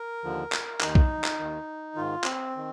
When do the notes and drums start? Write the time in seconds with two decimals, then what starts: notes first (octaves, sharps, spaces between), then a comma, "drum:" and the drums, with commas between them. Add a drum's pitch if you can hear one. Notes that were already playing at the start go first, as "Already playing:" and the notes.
Already playing: A#4
0.24 D#2 D3 F3
0.52 drum: clap
0.81 D#2 D#3 D#4, drum: clap
0.95 drum: kick B1
1.24 drum: clap
1.39 D#2 D#3
1.95 G#2 D#3 F4
2.24 C4, drum: clap
2.57 D#3